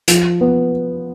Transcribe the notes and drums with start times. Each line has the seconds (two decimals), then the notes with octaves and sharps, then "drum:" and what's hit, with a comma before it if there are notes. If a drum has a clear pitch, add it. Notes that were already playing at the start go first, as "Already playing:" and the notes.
0.08 F3, drum: hi-hat
0.41 B3